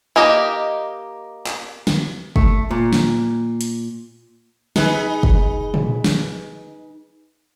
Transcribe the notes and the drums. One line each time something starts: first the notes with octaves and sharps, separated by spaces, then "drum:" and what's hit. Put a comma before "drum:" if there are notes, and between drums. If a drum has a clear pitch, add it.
A#3 D#4 G4 D#5
drum: clap
drum: snare
A3, drum: kick F#1
A#2
drum: snare
drum: hi-hat
D#4 G#4 B4, drum: snare
drum: kick F#1
drum: tom A#2
drum: snare